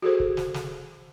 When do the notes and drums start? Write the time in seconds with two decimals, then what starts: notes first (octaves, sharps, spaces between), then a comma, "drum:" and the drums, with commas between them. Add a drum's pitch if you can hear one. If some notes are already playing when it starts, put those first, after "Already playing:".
0.02 F#4 G#4 A4 C5
0.20 drum: kick
0.37 drum: snare
0.54 drum: snare